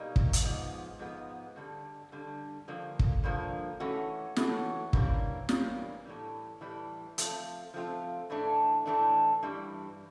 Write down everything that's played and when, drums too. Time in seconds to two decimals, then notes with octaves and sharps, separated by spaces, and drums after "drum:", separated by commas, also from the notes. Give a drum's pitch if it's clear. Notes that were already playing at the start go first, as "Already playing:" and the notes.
Already playing: B2 G3 A#3 D#4
0.16 drum: kick
0.33 drum: hi-hat
0.42 G#2 F3 G#3 B3
0.99 G#2 F3 G#3 B3
1.56 G2 D3 G3
2.12 G2 D3 G3
2.68 G2 D3 F3 A#3
2.99 drum: kick
3.24 G2 D3 F3 A#3
3.80 E3 A3 C#4 F#4
4.36 E3 A3 C#4 F#4, drum: snare
4.93 G2 E3 G3 A#3 C#4, drum: kick
5.49 G2 E3 G3 A#3 C#4, drum: snare
6.05 A2 E3 G3
6.61 A2 E3 G3
7.18 F3 A3 C4 F4, drum: hi-hat
7.74 F3 A3 C4 F4
8.30 A2 E3 A3 D4
8.86 A2 E3 A3 D4
9.43 G2 E3 G3